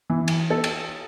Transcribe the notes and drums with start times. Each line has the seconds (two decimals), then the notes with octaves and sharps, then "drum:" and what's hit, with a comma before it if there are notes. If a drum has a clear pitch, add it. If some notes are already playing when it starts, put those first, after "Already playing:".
0.10 E3
0.28 drum: cymbal
0.50 A4
0.64 drum: cymbal